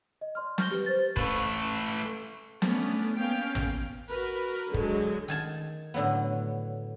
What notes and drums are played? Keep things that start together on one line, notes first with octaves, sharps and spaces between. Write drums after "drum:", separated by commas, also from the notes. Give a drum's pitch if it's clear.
D#5
D5 C6 F6
C#6 F6 G6 A#6 G7, drum: snare
G4 B4, drum: hi-hat
C5 A6
A3 B4, drum: kick
A3 B3 C#4 D4, drum: snare
A#3 B3 C#4 F5 G5
drum: tom A1
F#4 A#4 B4
D3 F#3 G#3, drum: kick
D#3 G#5 A5, drum: hi-hat
A2 D3 F#3 B3